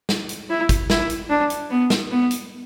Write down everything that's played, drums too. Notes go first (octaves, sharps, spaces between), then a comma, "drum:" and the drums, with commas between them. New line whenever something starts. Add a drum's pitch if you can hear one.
drum: snare
drum: hi-hat
E4
drum: kick, hi-hat
E4, drum: snare
drum: hi-hat
D4
drum: hi-hat
B3
drum: snare
B3
drum: hi-hat